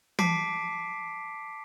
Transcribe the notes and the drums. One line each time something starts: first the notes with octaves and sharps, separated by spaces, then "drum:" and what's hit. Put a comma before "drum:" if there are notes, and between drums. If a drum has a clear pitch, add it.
A5 D6 B6 C7 D7, drum: tom